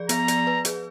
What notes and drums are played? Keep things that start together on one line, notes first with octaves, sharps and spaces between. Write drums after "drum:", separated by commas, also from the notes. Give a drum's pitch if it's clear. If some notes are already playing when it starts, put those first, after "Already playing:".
Already playing: F3 G#4 D5
B3 A#5, drum: hi-hat
D5, drum: hi-hat
B4
G#4, drum: hi-hat